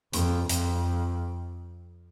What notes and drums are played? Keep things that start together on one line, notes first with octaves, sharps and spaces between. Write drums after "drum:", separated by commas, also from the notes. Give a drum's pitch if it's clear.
F2, drum: hi-hat
F2, drum: hi-hat